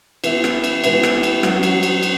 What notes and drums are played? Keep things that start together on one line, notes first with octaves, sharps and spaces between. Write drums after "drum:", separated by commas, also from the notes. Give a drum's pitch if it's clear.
E3 B3 E4, drum: cymbal
drum: rim click
drum: cymbal
E3 B3 E4, drum: cymbal
drum: rim click
drum: cymbal
F#3 C#4 F#4, drum: rim click
drum: cymbal
drum: cymbal
drum: cymbal